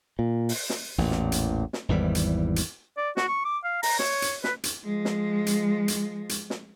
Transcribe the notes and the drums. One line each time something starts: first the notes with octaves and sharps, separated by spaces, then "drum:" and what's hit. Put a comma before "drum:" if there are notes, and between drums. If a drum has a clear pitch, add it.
A#2
drum: open hi-hat
drum: snare
A1 E2 A#2
drum: snare
drum: hi-hat
drum: snare
G#1 E2 E3 G3
drum: hi-hat
drum: hi-hat
D5
F#4, drum: snare
C#6
D6
F5
A#5, drum: open hi-hat
C#5, drum: snare
drum: hi-hat
B4, drum: snare
drum: hi-hat
F3 G#3
drum: snare
drum: hi-hat
drum: hi-hat
drum: hi-hat
drum: snare